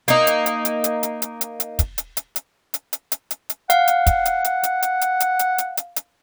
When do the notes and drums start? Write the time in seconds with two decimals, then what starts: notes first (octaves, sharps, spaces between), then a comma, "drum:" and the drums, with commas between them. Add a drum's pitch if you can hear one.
0.08 A#3 D#4, drum: hi-hat
0.27 drum: hi-hat
0.46 drum: hi-hat
0.65 drum: hi-hat
0.84 drum: hi-hat
1.03 drum: hi-hat
1.22 drum: hi-hat
1.41 drum: hi-hat
1.60 drum: hi-hat
1.79 drum: kick, hi-hat
1.98 drum: hi-hat
2.17 drum: hi-hat
2.36 drum: hi-hat
2.74 drum: hi-hat
2.93 drum: hi-hat
3.12 drum: hi-hat
3.31 drum: hi-hat
3.50 drum: hi-hat
3.70 F5 F#5, drum: hi-hat
3.88 drum: hi-hat
4.07 drum: kick, hi-hat
4.25 drum: hi-hat
4.44 drum: hi-hat
4.63 drum: hi-hat
4.82 drum: hi-hat
5.01 drum: hi-hat
5.20 drum: hi-hat
5.39 drum: hi-hat
5.58 drum: hi-hat
5.77 drum: hi-hat
5.96 drum: hi-hat